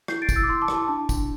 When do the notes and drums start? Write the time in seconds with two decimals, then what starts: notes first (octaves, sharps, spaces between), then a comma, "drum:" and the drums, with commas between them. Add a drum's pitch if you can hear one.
0.08 E4 G6 C7, drum: rim click
0.22 A6 D7
0.29 E4, drum: kick, tambourine
0.36 E6 A6
0.43 D6
0.48 E4 C6 E6
0.62 A5 D6
0.68 E4, drum: rim click
0.75 A5
0.88 D4 A5
1.09 D4, drum: kick, tambourine